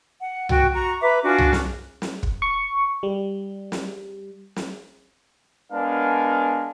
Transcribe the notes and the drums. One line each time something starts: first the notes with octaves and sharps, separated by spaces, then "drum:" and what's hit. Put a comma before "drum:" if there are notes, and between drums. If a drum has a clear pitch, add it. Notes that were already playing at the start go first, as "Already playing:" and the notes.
F#5
F#4 G5, drum: tom C2
F#4 A#5 C#6
B4 E5 A#5 D6
D4 F4 F#4 G#5
drum: tom C2
drum: snare
drum: snare
drum: kick
C#6
G3
drum: snare
drum: snare
G#3 B3 D4 A#4 F5 G#5